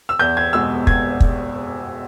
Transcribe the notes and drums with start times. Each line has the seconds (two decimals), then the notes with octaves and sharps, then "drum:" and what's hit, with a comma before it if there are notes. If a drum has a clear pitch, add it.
0.09 E6
0.19 E2 G6
0.37 G#6
0.53 B2 G#3 E6
0.87 G#6, drum: kick
1.20 drum: kick